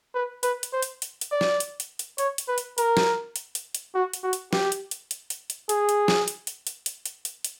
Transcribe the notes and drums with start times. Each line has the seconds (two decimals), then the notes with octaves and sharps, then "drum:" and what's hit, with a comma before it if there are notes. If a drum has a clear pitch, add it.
0.15 B4
0.43 B4, drum: hi-hat
0.63 drum: hi-hat
0.73 C5
0.82 drum: hi-hat
1.02 drum: hi-hat
1.21 drum: hi-hat
1.32 D5
1.41 drum: snare
1.60 drum: hi-hat
1.80 drum: hi-hat
1.99 drum: hi-hat
2.18 C#5, drum: hi-hat
2.38 drum: hi-hat
2.48 B4
2.58 drum: hi-hat
2.78 A#4, drum: hi-hat
2.97 drum: snare
3.36 drum: hi-hat
3.55 drum: hi-hat
3.75 drum: hi-hat
3.94 F#4
4.13 drum: hi-hat
4.23 F#4
4.33 drum: hi-hat
4.53 G4, drum: snare
4.72 drum: hi-hat
4.91 drum: hi-hat
5.11 drum: hi-hat
5.30 drum: hi-hat
5.50 drum: hi-hat
5.69 G#4, drum: hi-hat
5.89 drum: hi-hat
6.08 drum: snare
6.28 drum: hi-hat
6.47 drum: hi-hat
6.67 drum: hi-hat
6.86 drum: hi-hat
7.06 drum: hi-hat
7.25 drum: hi-hat
7.44 drum: hi-hat